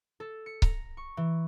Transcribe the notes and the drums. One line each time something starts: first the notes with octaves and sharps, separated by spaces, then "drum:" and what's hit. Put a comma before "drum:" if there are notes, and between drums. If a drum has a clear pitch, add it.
A4
C#7
A#5, drum: kick C#1
C#6
E3